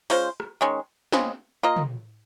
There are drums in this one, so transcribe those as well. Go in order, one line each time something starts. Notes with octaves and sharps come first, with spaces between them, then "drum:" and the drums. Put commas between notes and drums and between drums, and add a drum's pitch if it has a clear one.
G#3 C#4 F4 C5, drum: open hi-hat
drum: rim click
D#3 G#3 C#4
C#3 G#3 C4, drum: snare
A#3 F4 A#4 D#5
drum: tom